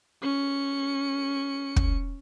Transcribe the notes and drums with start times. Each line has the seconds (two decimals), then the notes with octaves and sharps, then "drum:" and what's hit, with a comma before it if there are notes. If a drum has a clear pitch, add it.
0.22 C#4 C#7
1.76 drum: kick